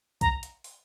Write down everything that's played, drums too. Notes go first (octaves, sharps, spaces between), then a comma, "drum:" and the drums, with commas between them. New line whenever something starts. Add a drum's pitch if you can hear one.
A#5, drum: kick C2, hi-hat
drum: hi-hat
drum: open hi-hat